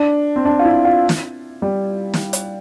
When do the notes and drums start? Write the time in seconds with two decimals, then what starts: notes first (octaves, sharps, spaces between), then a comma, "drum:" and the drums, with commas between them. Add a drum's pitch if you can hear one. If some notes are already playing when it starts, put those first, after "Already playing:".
Already playing: D4
0.36 C4
0.45 D4
0.59 F4
0.65 E4
0.85 F4
1.09 drum: snare
1.62 G3
2.14 drum: snare
2.33 drum: hi-hat